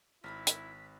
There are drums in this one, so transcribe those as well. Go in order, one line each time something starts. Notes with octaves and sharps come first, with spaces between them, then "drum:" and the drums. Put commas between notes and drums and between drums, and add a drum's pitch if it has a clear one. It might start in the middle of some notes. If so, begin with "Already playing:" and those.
G#1 E4 A#4 B4 B5 B6
drum: hi-hat